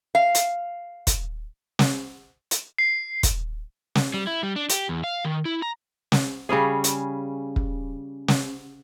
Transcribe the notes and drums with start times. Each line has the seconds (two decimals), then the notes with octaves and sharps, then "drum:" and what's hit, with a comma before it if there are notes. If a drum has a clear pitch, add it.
0.15 F5
0.35 drum: hi-hat
1.07 drum: kick, hi-hat
1.79 drum: snare
2.51 drum: hi-hat
2.79 C7
3.23 drum: kick, hi-hat
3.95 drum: snare
4.14 G3
4.27 E4
4.43 G3
4.56 D4
4.70 G4, drum: hi-hat
4.89 E2
5.04 F5
5.25 D#3
5.45 E4
5.62 A#5
6.12 drum: snare
6.49 C#3 G3 C#4 G#4
6.84 drum: hi-hat
7.56 drum: kick
8.28 drum: snare